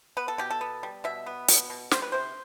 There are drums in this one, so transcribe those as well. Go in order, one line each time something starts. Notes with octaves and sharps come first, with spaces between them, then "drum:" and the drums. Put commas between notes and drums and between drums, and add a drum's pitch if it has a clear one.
B3 B4
A4
B2 G4
A4
B3
G3
B2 E5
B3
B2, drum: hi-hat
B2
G3 C5, drum: snare
B4
C3 C5